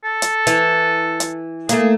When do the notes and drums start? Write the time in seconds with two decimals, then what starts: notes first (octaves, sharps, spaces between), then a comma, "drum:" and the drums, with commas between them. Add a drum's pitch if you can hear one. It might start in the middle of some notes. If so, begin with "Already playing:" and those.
0.04 A4
0.22 drum: hi-hat
0.47 E3, drum: hi-hat
1.20 drum: hi-hat
1.69 A3 A#3 G#4, drum: hi-hat